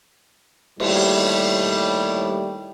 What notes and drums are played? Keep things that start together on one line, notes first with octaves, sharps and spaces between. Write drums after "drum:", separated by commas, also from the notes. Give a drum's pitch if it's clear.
D#2 A2 G3, drum: cymbal